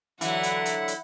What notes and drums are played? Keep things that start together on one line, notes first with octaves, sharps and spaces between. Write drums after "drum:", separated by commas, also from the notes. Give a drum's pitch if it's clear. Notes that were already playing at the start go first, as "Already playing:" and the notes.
D3 E3 F#3 E4 F#5, drum: hi-hat
drum: hi-hat
drum: hi-hat
drum: hi-hat